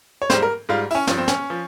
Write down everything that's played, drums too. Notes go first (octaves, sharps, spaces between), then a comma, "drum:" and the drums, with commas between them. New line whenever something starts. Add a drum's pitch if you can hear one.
C#5
G#2 G3 C5, drum: snare
A#4
G#2 G3 F4
E4, drum: open hi-hat
C#4
G2 F3, drum: snare
C4
C#4, drum: snare
F3